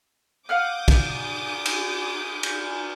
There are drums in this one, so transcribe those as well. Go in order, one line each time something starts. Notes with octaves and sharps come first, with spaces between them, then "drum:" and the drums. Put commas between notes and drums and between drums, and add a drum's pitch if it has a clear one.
F5 F#5 D6 D#6 F6 G6
drum: kick, cymbal
drum: cymbal
drum: cymbal